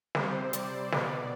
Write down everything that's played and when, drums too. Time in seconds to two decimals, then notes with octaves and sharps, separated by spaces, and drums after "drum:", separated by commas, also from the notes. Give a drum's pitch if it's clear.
0.15 C3 G3 C4 C5, drum: snare
0.53 D5, drum: hi-hat
0.92 B2 B3, drum: snare